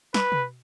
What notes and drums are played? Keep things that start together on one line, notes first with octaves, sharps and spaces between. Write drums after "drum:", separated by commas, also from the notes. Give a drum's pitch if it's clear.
B4, drum: snare
drum: tom